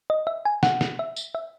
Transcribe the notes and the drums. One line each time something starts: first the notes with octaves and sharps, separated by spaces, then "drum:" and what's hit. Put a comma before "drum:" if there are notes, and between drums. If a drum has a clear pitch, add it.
D#5
E5
G#5
F#5, drum: snare
drum: snare
E5
drum: tambourine
E5